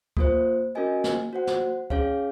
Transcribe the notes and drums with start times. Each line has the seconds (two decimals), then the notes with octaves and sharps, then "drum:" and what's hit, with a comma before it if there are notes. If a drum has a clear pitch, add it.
0.17 A#3 F4 C5, drum: kick
0.75 C#4 F#4 A#4 D#5 G#5
1.04 drum: snare
1.33 F#4 C5 F#5
1.47 drum: snare
1.90 C#4 G#4 C#5 F5, drum: kick